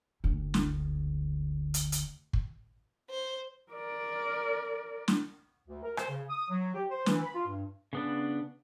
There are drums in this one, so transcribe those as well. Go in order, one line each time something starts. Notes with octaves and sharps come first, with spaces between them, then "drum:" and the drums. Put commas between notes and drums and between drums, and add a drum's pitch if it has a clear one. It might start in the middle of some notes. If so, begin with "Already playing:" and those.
F#1 D2
drum: snare
drum: hi-hat
drum: hi-hat
drum: kick
C5
A#4 D5
drum: snare
D2
A#4
C5, drum: rim click
C#3
D#6
F#3
G4
C5
E3, drum: snare
B5
F4
G2
C#3 B3 D4